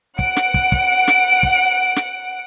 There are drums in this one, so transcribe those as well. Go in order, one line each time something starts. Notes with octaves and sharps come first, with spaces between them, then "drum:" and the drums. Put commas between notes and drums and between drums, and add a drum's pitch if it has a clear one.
F#5 D7, drum: kick
drum: snare
drum: kick
drum: kick
drum: snare
drum: kick
drum: snare